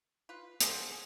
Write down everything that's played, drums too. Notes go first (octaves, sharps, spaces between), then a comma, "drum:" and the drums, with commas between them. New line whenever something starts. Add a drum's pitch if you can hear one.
F4 B4
D3 G#3 G#4 C5, drum: hi-hat